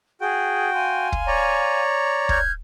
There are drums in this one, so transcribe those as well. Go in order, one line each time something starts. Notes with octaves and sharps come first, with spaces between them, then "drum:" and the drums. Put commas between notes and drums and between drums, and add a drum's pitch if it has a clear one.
F#4 G#4 G5
F5 G#5 C6
drum: kick
C#5 D5 A#5
F6 G6 G#6, drum: kick